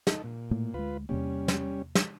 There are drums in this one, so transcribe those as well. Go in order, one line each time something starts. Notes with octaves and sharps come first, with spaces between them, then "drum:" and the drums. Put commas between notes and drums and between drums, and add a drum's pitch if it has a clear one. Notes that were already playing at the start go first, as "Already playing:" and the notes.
D#4 A4, drum: snare
A#2
A2 A3 A#3
D2 G#3 F4 B4
E2 C3 G3 A#3 C#4
drum: snare
drum: snare